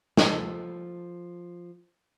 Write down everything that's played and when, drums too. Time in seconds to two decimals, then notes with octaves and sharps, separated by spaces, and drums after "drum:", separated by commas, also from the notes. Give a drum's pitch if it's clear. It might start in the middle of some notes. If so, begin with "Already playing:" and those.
0.17 F3 A4, drum: snare